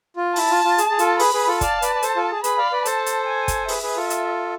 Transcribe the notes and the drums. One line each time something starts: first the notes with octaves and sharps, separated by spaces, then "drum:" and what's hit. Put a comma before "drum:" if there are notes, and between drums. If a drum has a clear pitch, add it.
F4
E4 A5, drum: open hi-hat
F4
F4
G#4, drum: hi-hat
G#4
F4 A4, drum: hi-hat
G#4 B4 B5, drum: open hi-hat
G#4 B4
F4 A4
D5 F5 A5, drum: kick, hi-hat
B4 D5, drum: hi-hat
D5
A4 C5, drum: hi-hat
F4 A4
G#4
G#4 B4 B5, drum: hi-hat
D5 F5
B4 D5
A4 C5 A5, drum: hi-hat
drum: hi-hat
G#5
drum: kick, hi-hat
G#4 B4 E5, drum: open hi-hat
G#4 B4
F4 A4
drum: hi-hat